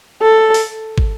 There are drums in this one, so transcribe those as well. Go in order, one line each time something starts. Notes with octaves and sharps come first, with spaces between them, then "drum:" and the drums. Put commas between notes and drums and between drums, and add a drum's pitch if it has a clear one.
A4
drum: open hi-hat
drum: kick